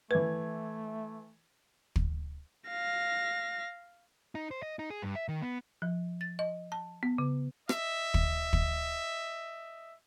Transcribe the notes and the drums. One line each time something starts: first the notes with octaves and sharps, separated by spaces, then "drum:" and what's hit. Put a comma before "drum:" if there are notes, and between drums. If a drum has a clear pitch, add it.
E3 A3 B4 G#6
drum: kick
F5 A#6
D#4
C5
D#5
D#4
G#4
G2
E5
D#3
B3
F3
A6
D#5
A5
B3
C#3
D#5 E5, drum: rim click
drum: kick
drum: kick